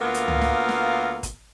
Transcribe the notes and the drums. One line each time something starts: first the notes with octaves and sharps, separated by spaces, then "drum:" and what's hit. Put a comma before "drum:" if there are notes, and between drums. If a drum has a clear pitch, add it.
D2 A#3 B3 F4 A#4 F5
drum: hi-hat
drum: tom C#2
drum: snare
drum: snare
drum: kick, hi-hat